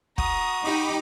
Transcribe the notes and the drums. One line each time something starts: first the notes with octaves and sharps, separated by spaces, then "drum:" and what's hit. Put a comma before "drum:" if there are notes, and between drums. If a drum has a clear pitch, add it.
F#4 A#5 D#6, drum: kick
D#4 G4 B5 D6